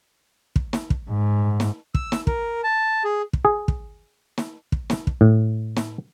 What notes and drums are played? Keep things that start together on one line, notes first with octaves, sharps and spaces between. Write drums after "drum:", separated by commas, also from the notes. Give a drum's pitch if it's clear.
drum: kick
drum: snare
drum: kick
G#2
drum: snare
E6, drum: kick
drum: snare
A#4, drum: kick
A5
G#4
drum: kick
G#4
drum: kick
drum: snare
drum: kick
drum: snare
drum: kick
A2
drum: snare